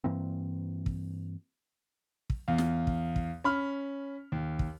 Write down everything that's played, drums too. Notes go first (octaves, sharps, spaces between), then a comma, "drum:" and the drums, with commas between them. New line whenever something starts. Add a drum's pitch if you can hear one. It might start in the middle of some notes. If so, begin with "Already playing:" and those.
G2 E3 A#3 C4
drum: kick
drum: kick
E2 F5
drum: snare
drum: kick
drum: kick
C#4 B5 F6
D#2
drum: kick